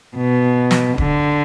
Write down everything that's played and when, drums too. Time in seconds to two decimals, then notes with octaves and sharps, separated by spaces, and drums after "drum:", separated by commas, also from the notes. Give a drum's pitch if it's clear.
0.17 B2
0.71 drum: snare
0.98 D3, drum: kick D1